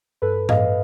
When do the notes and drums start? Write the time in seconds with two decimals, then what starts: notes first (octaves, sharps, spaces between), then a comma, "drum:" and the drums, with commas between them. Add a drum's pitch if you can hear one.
0.22 G2 A4 B4
0.49 G2 D#5 F5, drum: tom A2